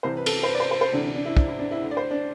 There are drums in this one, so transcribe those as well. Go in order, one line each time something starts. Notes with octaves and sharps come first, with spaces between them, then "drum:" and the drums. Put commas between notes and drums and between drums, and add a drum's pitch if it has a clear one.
C2 C3 E3 C5
B4
A4, drum: cymbal
C5
B4
D5
C5
C5
C5
D2 C3 E3 D4
D4
D4
E4
D4, drum: kick
E4
D4
E4
D2 D3
D5
C5
D4